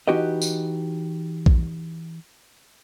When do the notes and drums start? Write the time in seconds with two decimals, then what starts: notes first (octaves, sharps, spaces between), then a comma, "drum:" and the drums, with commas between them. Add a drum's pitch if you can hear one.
0.08 E3 D#4 F#4 G4 B4 D#5
0.42 drum: tambourine
1.46 drum: kick A#1